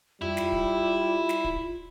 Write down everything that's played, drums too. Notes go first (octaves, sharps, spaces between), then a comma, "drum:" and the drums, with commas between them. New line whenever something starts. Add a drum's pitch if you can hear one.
G3 E4 F4, drum: tom F2
drum: snare
drum: kick
drum: snare
drum: kick